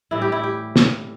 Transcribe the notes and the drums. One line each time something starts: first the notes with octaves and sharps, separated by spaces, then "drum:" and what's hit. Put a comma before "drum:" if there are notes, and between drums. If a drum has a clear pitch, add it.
A2 E3 G3 E4
G4
E4
G4
drum: snare